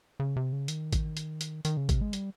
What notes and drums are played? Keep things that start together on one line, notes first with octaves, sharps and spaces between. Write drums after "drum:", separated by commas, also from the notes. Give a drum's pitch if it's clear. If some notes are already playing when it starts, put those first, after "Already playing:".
C#3
C3
C#3
D#3, drum: hi-hat
drum: kick, hi-hat
drum: hi-hat
drum: hi-hat
D#3, drum: hi-hat
C#3
C3, drum: kick, hi-hat
G#3
G3, drum: hi-hat